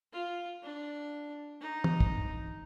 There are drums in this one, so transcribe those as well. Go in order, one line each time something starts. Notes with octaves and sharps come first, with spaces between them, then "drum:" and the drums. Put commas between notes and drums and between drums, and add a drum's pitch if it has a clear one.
F4
D4
D#4
drum: tom
drum: kick